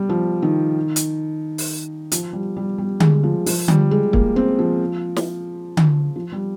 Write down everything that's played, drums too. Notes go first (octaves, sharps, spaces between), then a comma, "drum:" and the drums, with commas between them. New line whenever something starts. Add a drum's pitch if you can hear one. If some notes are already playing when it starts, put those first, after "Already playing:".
Already playing: G3
F3
D#3
drum: hi-hat
drum: open hi-hat
F3, drum: hi-hat
G3
G3
G3
G#3, drum: tom D3
F3
F3, drum: open hi-hat
G3, drum: tom D3
G#3
A#3, drum: kick
C4
F3
drum: snare
drum: tom D3
F3
G3